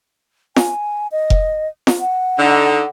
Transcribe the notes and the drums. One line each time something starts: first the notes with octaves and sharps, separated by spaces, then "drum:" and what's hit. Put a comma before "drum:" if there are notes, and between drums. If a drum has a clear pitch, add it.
G#5, drum: snare F4
D#5
drum: kick F1
drum: snare F4
F#5
D3 D#4